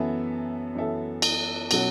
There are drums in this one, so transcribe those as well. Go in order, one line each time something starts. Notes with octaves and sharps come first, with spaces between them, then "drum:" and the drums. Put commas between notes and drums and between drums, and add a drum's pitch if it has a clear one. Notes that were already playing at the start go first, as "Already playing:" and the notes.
Already playing: F#2 E3 B3 A4 E5
F#2 E3 B3 A4 E5
drum: cymbal
B2 F#3 C#4 F#4, drum: cymbal